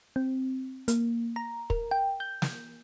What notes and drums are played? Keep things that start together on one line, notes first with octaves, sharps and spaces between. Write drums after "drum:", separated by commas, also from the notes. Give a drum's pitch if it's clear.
C4
A#3, drum: hi-hat
A#5
A#4, drum: kick
G5
G6
drum: snare